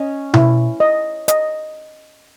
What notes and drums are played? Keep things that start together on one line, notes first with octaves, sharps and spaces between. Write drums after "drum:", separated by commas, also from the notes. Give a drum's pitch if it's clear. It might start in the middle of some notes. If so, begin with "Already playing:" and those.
Already playing: C#4 D#5
E4, drum: tom B2
D#5
D#5, drum: hi-hat